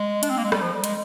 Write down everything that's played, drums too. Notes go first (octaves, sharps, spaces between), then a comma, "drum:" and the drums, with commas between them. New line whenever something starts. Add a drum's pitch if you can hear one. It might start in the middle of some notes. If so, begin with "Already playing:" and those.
Already playing: G#3
D4, drum: hi-hat
C4
A#3
G#3
G3, drum: rim click
F3
G3
G#3, drum: hi-hat